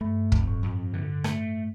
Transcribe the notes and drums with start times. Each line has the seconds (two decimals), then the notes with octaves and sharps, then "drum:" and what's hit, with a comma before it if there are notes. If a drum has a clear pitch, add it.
0.01 G2 A3
0.32 F2, drum: kick
0.48 A2
0.63 F2
0.93 D3
1.24 A3, drum: rim click